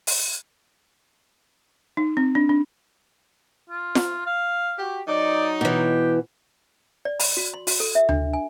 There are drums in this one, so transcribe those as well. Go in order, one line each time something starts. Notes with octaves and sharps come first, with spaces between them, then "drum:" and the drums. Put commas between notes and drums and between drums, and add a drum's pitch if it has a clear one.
drum: open hi-hat
D#4
C4
D4
D4
F4
drum: snare F4
F5
F#4 G4
F#3 D#4 D5
B2 E3 G4
D5
B5, drum: open hi-hat
F#4
C6
F#4, drum: open hi-hat
A4
E5
D4, drum: tom D2
G#5